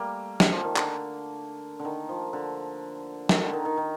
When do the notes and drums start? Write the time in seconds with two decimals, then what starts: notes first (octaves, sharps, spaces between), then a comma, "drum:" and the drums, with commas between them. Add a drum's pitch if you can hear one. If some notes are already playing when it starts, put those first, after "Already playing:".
Already playing: G3 A3 A#3
0.40 G3, drum: snare
0.52 F3
0.64 D#3
0.76 D3, drum: clap
1.80 D3
1.85 D#3
2.09 F3
2.33 D3
3.29 D#3, drum: snare
3.42 D3
3.53 D#3
3.65 D#3
3.78 D#3